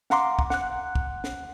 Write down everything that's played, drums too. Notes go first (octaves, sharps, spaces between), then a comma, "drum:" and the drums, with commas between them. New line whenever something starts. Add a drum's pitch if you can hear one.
F5 F#5 A#5 C6 D6, drum: snare
drum: kick
F#5 F#6, drum: snare
drum: kick
drum: snare